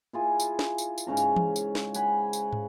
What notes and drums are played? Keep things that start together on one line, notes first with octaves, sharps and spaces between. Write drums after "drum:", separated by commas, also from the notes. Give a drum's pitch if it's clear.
E4 F4 G#4
drum: tambourine
drum: snare
drum: tambourine
drum: tambourine
G#2 C#3 C#4 A#5
drum: tambourine
drum: tom E3
drum: tambourine
drum: snare
C#5 F#5 G#5 B5, drum: tambourine
drum: tambourine
drum: tom